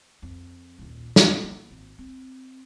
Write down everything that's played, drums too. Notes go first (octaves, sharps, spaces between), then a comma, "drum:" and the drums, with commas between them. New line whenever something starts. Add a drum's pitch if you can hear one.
F2
D#1 A#1
C4, drum: snare
A#3
G#1
C4